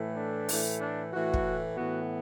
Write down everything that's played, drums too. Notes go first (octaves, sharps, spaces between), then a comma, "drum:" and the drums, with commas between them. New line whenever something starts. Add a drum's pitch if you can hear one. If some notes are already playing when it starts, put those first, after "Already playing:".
Already playing: A2 E3 A3
D4
A2 E3 A3, drum: open hi-hat
D4
A2 E3 A3 F#4
drum: kick
A2 E3 B3 F#4